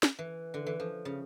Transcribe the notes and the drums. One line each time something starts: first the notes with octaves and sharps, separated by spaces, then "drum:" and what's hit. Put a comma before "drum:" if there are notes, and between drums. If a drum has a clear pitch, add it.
drum: snare
E3
D3
E3
F3
C#3